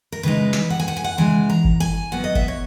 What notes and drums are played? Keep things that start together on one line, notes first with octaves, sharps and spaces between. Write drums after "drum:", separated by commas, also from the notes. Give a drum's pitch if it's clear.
A#4
C#3 E3 G#3 D#4 B4
drum: snare
F#5
G#5
F#5
G#5
F#5
C#3 E3 G#3 D#4 G#5
A#5
drum: kick G1
G#5
G#2 F#3 B3 F#5
D#5
E5, drum: kick G1
C#5